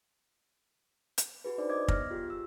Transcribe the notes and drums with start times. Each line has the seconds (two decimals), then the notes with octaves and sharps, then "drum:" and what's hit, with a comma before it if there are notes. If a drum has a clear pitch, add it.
1.18 drum: hi-hat
1.44 F#4 G#4 B4
1.58 D4 D#4 C5 D5
1.70 C#5 D#5 D6 G#6
1.88 B3 F6 G#6 A#6, drum: kick
2.11 F4 G4 G#4
2.30 E6